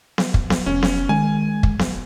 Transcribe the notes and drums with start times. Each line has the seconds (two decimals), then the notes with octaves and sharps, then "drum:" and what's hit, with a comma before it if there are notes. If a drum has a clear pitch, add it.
0.18 drum: snare B3
0.34 drum: kick
0.50 drum: snare B3
0.66 F1 C#4
0.83 drum: snare B3
1.09 D#3 G#3 G#5
1.63 drum: kick
1.79 drum: snare B3